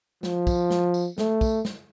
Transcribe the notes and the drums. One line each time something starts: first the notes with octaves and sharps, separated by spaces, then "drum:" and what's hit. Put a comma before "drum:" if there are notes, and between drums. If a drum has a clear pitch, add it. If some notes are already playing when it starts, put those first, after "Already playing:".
F3, drum: snare
drum: kick, tambourine
drum: snare
drum: tambourine
A3, drum: snare
drum: kick, tambourine
drum: snare